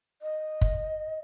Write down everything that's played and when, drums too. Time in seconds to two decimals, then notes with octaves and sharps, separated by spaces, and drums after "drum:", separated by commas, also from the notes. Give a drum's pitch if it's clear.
0.22 D#5
0.61 drum: kick